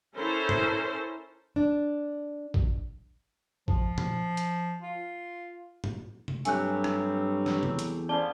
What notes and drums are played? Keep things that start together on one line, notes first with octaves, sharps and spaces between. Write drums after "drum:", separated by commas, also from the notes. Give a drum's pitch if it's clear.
C#4 E4 A4 A#4 C5
drum: tom
D4
drum: kick
F3, drum: kick
drum: tom A#2
drum: hi-hat
F4
drum: tom
drum: tom C3
G2 F#3 G3 A3 C4 G4 G#5 F#6, drum: hi-hat
drum: rim click
drum: snare
E2, drum: tom C3
drum: hi-hat
B3 C#4 C5 D5 F5 A5 D6 G7